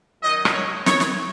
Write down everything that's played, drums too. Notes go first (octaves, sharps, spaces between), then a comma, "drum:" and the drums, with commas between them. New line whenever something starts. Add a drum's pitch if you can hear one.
F#2 D#3 F#3 D#5
drum: rim click
C#5
C#5, drum: snare
drum: snare